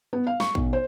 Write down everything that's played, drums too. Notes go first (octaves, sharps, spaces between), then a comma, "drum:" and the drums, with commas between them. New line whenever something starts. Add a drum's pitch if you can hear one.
B3
F5
C#6, drum: snare
B1, drum: kick
C5